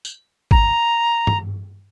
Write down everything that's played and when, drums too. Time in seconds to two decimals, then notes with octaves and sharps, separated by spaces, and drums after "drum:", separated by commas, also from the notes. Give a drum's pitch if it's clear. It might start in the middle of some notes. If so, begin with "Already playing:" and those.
0.05 drum: tambourine
0.51 A#5, drum: kick
1.27 drum: tom G2